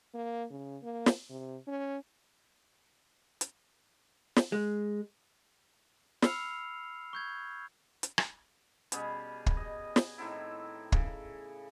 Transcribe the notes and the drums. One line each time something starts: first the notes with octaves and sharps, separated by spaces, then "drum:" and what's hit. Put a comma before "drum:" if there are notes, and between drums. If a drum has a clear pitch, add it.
A#3
C#3
A#3
drum: snare
C3
C#4
drum: hi-hat
drum: snare
G#3
B5 E6 F6 C7 C#7 F7, drum: snare
C#6 G6 G#6
drum: hi-hat
drum: rim click
B2 G3 C#4 G#4, drum: hi-hat
drum: kick
D#5
drum: snare
A2 D#3 C4 E4
C#3, drum: kick